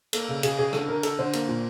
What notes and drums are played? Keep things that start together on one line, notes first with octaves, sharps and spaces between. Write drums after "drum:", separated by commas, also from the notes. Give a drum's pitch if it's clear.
A#3 A4, drum: cymbal
C#3
C#3 G#4, drum: cymbal
C#3 G#4
D3 A4, drum: rim click
D3 A#4
D3 A4, drum: cymbal
D3 C5
A#3, drum: cymbal
A#2